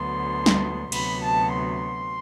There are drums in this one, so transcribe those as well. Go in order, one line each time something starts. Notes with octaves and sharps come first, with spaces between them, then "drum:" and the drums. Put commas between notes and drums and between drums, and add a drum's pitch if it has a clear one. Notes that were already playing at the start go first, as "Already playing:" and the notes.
Already playing: D2 D3 F#3 B3 C6
drum: snare
D2 C3 F#3 B3 B5, drum: cymbal
A5
C6